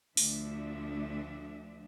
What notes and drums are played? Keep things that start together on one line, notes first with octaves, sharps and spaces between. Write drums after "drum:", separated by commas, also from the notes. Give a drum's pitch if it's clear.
D2 F3 D4 E5, drum: open hi-hat